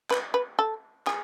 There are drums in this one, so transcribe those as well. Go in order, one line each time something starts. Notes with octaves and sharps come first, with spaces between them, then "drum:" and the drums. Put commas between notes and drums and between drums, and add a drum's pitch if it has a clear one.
B4, drum: clap
B4
A4
G#4, drum: clap